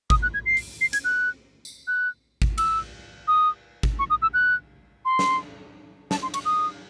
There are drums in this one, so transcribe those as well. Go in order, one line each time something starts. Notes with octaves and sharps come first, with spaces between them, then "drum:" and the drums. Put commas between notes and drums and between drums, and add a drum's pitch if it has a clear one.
D#6, drum: kick G#1
F#6
G#6
C7
drum: open hi-hat
C7
G#6, drum: hi-hat
F#6
drum: tambourine
F#6
drum: kick G#1
E6, drum: cymbal
D#6
drum: kick G#1
C#6
D#6
E6
F#6
C6
drum: snare
A5, drum: snare
C6
C#6, drum: cymbal
D#6